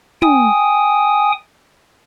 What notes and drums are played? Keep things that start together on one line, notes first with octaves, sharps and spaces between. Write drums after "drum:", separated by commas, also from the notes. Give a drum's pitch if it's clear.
G5 G#5 D#6, drum: tom